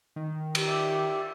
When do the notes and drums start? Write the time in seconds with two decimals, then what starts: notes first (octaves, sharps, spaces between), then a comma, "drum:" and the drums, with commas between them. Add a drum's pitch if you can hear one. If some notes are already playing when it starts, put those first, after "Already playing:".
0.16 D#3
0.55 G4, drum: cymbal
0.68 D5 E5